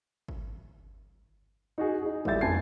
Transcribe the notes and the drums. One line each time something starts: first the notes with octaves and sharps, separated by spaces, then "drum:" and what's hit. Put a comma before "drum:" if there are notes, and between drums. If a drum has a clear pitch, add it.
drum: kick
D#4 F#4 G#4
D#4 G#4
D1 G3 D5 E5 G6 A6, drum: kick
F1 F2 G#5 A5 G#6 C7